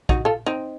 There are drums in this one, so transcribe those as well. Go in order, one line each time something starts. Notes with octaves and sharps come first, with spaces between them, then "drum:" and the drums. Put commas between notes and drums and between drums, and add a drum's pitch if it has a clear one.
D#4 F#4, drum: kick A#1
F4 A4
C4 D#4